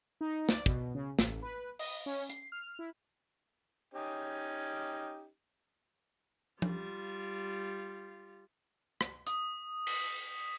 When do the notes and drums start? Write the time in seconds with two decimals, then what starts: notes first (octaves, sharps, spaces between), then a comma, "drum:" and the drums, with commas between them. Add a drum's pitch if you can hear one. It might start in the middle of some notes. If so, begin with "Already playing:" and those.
0.21 D#4
0.49 D5, drum: snare
0.66 B2, drum: kick
0.95 C#3
1.19 A1, drum: snare
1.42 B4
1.79 D#5, drum: open hi-hat
2.06 C#4
2.30 C7, drum: hi-hat
2.52 F6
2.79 E4
3.94 C#4 D#4 G4
6.62 G3 F4, drum: tom F3
9.01 drum: rim click
9.27 D#6, drum: hi-hat
9.87 B6, drum: cymbal